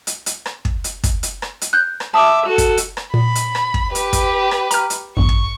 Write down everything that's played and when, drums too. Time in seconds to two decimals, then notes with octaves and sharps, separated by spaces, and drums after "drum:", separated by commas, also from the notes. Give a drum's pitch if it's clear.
0.07 drum: hi-hat
0.26 drum: hi-hat
0.46 drum: rim click
0.65 drum: kick
0.84 drum: hi-hat
1.04 drum: kick, hi-hat
1.23 drum: hi-hat
1.42 drum: rim click
1.61 drum: hi-hat
1.73 F#6 G6
2.00 drum: rim click
2.14 E5 A5 D6 D#6
2.46 F#4 A4
2.58 drum: kick, hi-hat
2.77 drum: hi-hat
2.97 drum: rim click
3.14 A#2 B5
3.35 drum: hi-hat
3.55 drum: rim click
3.74 drum: kick
3.95 G4 B4, drum: hi-hat
4.13 drum: kick, hi-hat
4.51 drum: rim click
4.71 A#5 F6, drum: hi-hat
4.90 drum: hi-hat
5.17 A1 E2 G2 C#6
5.29 drum: kick